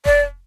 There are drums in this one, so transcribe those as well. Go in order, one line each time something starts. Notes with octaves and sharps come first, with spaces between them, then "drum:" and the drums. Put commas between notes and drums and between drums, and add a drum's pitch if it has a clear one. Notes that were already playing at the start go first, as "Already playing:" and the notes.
D5, drum: kick F1